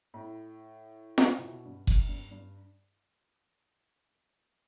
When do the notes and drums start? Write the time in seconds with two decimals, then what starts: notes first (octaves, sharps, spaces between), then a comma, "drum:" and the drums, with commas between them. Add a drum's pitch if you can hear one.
0.14 A2
1.18 drum: snare
1.38 C3
1.44 B2
1.65 G2
1.87 F#2, drum: kick F#1
2.09 G2
2.31 G2